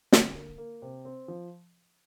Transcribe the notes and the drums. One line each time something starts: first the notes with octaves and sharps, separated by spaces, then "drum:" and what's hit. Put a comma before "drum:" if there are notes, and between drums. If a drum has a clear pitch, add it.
D3, drum: snare
A#3
A#3
C3
C4
F3